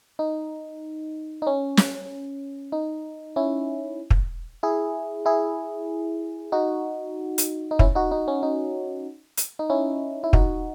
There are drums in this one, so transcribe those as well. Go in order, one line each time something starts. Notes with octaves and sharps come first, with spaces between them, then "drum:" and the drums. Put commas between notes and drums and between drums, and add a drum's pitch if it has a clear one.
D#4
D#4
C#4
drum: snare
D#4
C#4 E4
drum: kick
E4 G#4
E4 G#4
D#4 F#4
drum: hi-hat
D#4
C#4 E4, drum: kick
D#4 F#4
D#4
C#4
D#4
drum: hi-hat
D#4
C#4 E4
E4
D#4 F#4, drum: kick